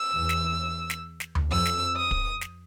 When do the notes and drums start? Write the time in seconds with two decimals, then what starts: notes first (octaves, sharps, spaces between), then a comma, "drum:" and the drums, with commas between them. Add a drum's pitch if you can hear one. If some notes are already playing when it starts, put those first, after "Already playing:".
Already playing: E6
0.14 E2
0.29 drum: snare
0.90 drum: snare
1.20 drum: snare
1.35 drum: tom D2
1.50 F2 E6
1.65 drum: snare
1.96 D#6
2.11 drum: kick
2.41 drum: snare